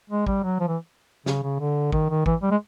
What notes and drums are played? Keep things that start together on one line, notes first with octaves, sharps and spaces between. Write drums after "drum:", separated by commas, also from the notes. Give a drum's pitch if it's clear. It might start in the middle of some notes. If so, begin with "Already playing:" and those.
G#3
G3, drum: kick
F#3
F3
E3
C#3, drum: snare
C#3
D3
D#3, drum: kick
D#3
E3, drum: kick
G3
G#3